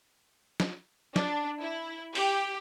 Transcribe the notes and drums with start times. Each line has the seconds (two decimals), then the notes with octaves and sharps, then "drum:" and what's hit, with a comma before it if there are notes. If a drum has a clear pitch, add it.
0.60 drum: snare
1.16 D4, drum: snare
1.62 E4
2.15 G4, drum: open hi-hat